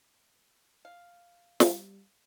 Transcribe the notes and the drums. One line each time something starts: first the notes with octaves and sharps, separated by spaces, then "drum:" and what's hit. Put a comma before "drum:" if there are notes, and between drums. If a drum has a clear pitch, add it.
F5
G3, drum: snare